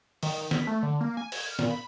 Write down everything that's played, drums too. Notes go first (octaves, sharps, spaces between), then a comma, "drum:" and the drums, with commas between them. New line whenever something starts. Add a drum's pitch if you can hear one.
D#3, drum: open hi-hat
D#3
B6, drum: snare
A3
D3
A#3
G#5
G#6, drum: open hi-hat
F6
A#2, drum: snare
B5